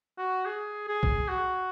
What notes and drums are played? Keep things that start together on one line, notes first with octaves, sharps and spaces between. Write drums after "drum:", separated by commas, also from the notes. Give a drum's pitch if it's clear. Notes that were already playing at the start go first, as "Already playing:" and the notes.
F#4
G#4
G#4
drum: kick
F#4